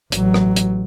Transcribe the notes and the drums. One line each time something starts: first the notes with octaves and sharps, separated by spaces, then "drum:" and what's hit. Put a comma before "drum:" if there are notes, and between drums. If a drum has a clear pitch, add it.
A1 F#3, drum: hi-hat
drum: rim click
drum: hi-hat